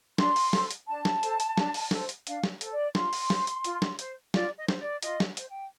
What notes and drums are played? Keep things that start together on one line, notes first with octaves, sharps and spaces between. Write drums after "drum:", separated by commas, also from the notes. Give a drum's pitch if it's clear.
D4 C6, drum: snare
drum: open hi-hat
A4 C5, drum: snare
drum: hi-hat
D4 A5
drum: snare
A4 C5, drum: hi-hat
drum: hi-hat
D4, drum: snare
drum: open hi-hat
A4 C5, drum: snare
drum: hi-hat
D4 F5, drum: hi-hat
drum: snare
A4 C5, drum: hi-hat
D5
F4 C6, drum: snare
drum: open hi-hat
C5, drum: snare
drum: hi-hat
F4, drum: hi-hat
drum: snare
C5, drum: hi-hat
F4 D5, drum: snare
D#5
C5, drum: snare
D5
F4 D#5, drum: hi-hat
drum: snare
C5, drum: hi-hat
G5